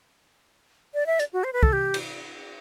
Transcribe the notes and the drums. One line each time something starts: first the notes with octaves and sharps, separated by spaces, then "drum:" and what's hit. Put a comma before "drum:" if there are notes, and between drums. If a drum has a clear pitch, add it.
D5
E5
D5, drum: hi-hat
F#4
C5
B4
A4, drum: kick
G4
drum: cymbal